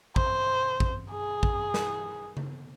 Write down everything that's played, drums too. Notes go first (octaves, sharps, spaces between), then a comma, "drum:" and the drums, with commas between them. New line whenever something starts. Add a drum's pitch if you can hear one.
C5, drum: kick A1
drum: kick A1
G#4
drum: kick A1
drum: snare
drum: tom C#3